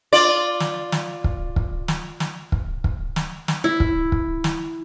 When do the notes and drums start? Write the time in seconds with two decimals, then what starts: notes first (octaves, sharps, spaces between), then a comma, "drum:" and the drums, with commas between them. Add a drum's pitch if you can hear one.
0.13 F4 D5
0.60 drum: snare
0.92 drum: snare
1.24 drum: kick
1.56 drum: kick
1.88 drum: snare
2.20 drum: snare
2.52 drum: kick
2.84 drum: kick
3.16 drum: snare
3.48 drum: snare
3.64 E4
3.80 drum: kick
4.12 drum: kick
4.44 drum: snare